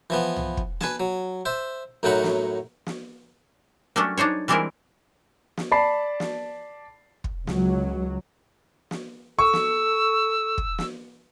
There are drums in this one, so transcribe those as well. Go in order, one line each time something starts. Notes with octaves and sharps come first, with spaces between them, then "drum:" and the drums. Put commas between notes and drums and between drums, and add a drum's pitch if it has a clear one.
E3 F3 B3
drum: tom
drum: kick
B4 G#5 A5, drum: snare
F#3
C5 E5
F#2 A2 F#3 D#4 F#5 B5
drum: snare
drum: snare
F#3 G3 A3 B3 C#4 D4
D4 D#4 C5 C#5
E3 G3 G#3 C4 E4 A#4
drum: snare
D5 A5 B5 C7
drum: snare
drum: kick
C#2 F#3, drum: snare
drum: snare
A4 C#6 E6
drum: snare
drum: kick
drum: snare